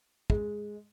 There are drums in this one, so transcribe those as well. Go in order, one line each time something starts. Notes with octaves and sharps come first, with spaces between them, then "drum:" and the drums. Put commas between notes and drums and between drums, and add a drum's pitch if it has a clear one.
G#3, drum: kick